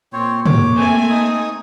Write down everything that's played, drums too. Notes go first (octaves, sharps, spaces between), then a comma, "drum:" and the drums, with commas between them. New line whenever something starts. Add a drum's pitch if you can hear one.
A#2 C4 C5 C#5
A#3 C#5 D6, drum: tom
A3 C4 G#5
D#4 D#6